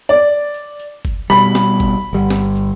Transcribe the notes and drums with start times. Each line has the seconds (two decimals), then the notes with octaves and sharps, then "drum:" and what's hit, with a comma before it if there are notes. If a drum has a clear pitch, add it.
0.09 D5
0.54 drum: tambourine
0.80 drum: tambourine
1.05 drum: kick G1, tambourine
1.30 B2 G3 B5, drum: tambourine
1.55 drum: snare
1.80 drum: kick G1, tambourine
2.13 G1 G3
2.30 drum: snare
2.56 drum: tambourine